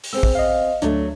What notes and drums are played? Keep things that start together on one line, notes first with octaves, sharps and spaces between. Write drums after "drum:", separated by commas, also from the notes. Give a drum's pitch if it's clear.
drum: open hi-hat
B3 C4 G#4 E6
drum: kick
D#5 F5
D2 F#3 A3 D4, drum: hi-hat